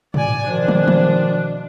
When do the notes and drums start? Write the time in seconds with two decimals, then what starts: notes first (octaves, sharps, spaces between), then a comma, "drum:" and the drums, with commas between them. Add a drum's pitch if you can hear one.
0.14 D5 G#5, drum: tom
0.47 B2 D#3 F3 D4
0.68 drum: tom
0.88 drum: tom